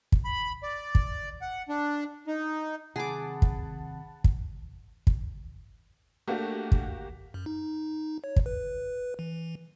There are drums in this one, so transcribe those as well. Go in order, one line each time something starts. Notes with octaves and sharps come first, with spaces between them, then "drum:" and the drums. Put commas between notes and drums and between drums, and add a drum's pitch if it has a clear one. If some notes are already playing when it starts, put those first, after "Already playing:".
drum: kick
B5
D5
drum: kick
F#5
D4
D#4
C3 D#3 F#3 G#4 F#5 A5 B5 D6
drum: kick
drum: kick
drum: kick
A3 A#3 D4 F#4 G4
drum: kick
F#2
D#4
C#5
drum: kick
B4
E3